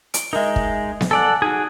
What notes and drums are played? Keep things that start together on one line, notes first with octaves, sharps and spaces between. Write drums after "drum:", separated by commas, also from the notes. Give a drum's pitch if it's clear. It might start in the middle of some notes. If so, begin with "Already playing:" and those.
D7, drum: hi-hat
G#3 D#4 A#4 D#5 E5
drum: kick
drum: snare B3
A4 D5 F#5 G#5 D6
D#4 F#4 G#4